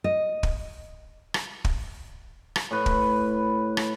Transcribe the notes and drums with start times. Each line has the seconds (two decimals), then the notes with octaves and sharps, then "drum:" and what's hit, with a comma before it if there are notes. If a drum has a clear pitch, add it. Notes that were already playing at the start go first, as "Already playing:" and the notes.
0.04 D#5
0.43 drum: kick
1.34 drum: rim click
1.65 drum: kick
2.56 drum: rim click
2.71 A2 B4
2.86 drum: kick
3.77 drum: rim click